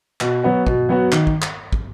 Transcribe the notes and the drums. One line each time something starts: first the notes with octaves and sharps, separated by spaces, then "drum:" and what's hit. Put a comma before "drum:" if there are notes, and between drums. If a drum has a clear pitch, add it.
B2, drum: clap
F#3 B3 F#4
B2, drum: kick
F#3 B3 F#4
D#3, drum: clap
drum: kick
drum: clap
drum: kick